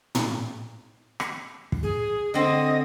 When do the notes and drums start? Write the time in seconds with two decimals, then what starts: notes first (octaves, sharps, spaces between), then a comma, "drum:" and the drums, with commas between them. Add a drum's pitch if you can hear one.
0.15 drum: tom
1.20 drum: rim click
1.72 drum: kick
1.83 G#4
2.34 D3 C4 D#5